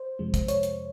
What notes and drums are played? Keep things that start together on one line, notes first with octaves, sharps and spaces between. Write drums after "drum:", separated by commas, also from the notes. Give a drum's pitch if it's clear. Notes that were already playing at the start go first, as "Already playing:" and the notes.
Already playing: C5
F2 C3 F3 G#3
drum: kick, hi-hat
C#5, drum: hi-hat
drum: hi-hat